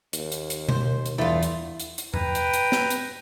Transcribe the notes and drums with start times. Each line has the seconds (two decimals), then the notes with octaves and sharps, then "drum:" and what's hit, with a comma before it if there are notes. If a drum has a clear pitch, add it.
0.13 D#2, drum: hi-hat
0.32 drum: hi-hat
0.50 drum: hi-hat
0.69 C5, drum: tom B2
1.06 drum: hi-hat
1.18 E2 G2 A3 F4
1.43 drum: hi-hat
1.80 drum: hi-hat
1.98 drum: hi-hat
2.14 B4 G5 A#5, drum: tom E2
2.35 drum: hi-hat
2.53 drum: hi-hat
2.72 drum: snare
2.90 drum: hi-hat